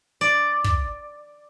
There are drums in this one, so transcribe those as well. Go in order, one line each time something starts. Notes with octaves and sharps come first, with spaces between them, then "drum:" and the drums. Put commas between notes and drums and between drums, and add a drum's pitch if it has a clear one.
D5
drum: kick